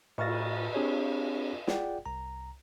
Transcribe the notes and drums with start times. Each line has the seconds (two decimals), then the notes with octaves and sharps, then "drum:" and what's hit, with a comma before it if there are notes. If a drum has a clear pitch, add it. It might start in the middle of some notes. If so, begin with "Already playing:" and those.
0.18 A2 C#6 F6 A6 A#6, drum: cymbal
0.74 C4 D4 G4 G#4 C#5
1.67 F4 G#4 D5 F#5 G5, drum: snare
2.06 C2 A#5